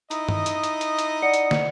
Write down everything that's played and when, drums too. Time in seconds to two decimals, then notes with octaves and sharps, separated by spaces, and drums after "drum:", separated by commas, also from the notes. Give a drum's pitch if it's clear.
0.11 D#4 E4 D#5, drum: hi-hat
0.29 drum: tom
0.46 drum: hi-hat
0.64 drum: hi-hat
0.81 drum: hi-hat
0.99 drum: hi-hat
1.22 D5 F#5 C#7
1.34 drum: hi-hat
1.51 drum: snare